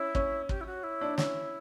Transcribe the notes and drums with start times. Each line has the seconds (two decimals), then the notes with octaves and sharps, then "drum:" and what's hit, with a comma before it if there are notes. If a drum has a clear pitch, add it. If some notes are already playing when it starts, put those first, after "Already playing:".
Already playing: C#4 E4
0.15 C#4, drum: kick
0.49 G4, drum: kick
0.61 E4
0.66 F#4
0.83 E4
1.01 D4
1.18 C#4 E4, drum: snare